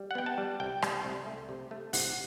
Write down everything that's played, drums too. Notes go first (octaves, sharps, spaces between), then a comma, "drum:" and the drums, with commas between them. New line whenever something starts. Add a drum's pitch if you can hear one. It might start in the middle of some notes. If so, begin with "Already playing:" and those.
Already playing: G3
F#5
B3 G5
A5
G3
C2 G5
G3, drum: rim click
C2
A3
C3
A3
C3 F#5, drum: open hi-hat